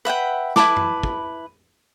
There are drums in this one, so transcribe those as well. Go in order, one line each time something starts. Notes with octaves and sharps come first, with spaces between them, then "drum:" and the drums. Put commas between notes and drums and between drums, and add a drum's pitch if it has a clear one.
B4 E5 F#5 G5
E4 B4 A5 D6, drum: snare
drum: tom
drum: kick